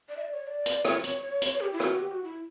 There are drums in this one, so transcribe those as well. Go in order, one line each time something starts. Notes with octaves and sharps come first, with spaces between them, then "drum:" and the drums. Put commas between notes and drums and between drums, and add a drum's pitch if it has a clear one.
D5
E5
D5
C#5
D5
drum: hi-hat
C#5, drum: rim click
drum: hi-hat
drum: hi-hat
G4
E4
F#4, drum: rim click
G4
F#4
E4